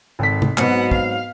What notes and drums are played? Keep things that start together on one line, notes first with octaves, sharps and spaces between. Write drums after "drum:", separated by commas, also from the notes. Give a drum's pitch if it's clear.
G#1 A4 B6
drum: tom
G#2 B2 F#3 C4 F#5, drum: clap
F5, drum: kick